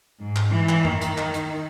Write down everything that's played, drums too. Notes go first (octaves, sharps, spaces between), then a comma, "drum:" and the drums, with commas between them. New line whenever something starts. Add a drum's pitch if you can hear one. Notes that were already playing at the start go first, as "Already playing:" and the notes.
G#2
drum: clap
E3
drum: clap
D#3, drum: tom
drum: hi-hat
drum: clap
drum: hi-hat